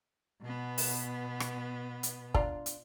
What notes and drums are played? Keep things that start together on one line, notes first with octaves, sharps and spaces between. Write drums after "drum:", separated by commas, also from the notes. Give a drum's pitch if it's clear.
B2 B3
drum: open hi-hat
drum: rim click
drum: hi-hat
D4 F4 A#5, drum: kick
drum: hi-hat